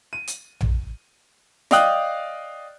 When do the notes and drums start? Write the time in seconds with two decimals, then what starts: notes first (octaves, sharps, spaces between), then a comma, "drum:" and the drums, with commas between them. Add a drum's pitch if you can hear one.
0.13 D#7
0.28 drum: hi-hat
0.61 drum: tom A#1
1.71 D5 D#5 F5 G5 D#6 F#6, drum: snare